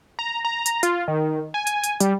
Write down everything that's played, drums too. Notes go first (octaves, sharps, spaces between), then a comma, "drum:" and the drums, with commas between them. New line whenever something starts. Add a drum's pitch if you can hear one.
A#5
A#5
drum: hi-hat
F4, drum: hi-hat
D#3
G#5
drum: hi-hat
drum: hi-hat
G3, drum: hi-hat